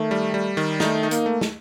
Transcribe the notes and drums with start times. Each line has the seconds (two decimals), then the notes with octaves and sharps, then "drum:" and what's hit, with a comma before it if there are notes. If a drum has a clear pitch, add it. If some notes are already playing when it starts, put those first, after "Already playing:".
Already playing: D#3 A3
0.11 G3
0.34 G3
0.57 D#3
0.80 A3 D#4, drum: snare
1.03 D#4
1.11 A#3, drum: hi-hat
1.26 A3
1.41 drum: snare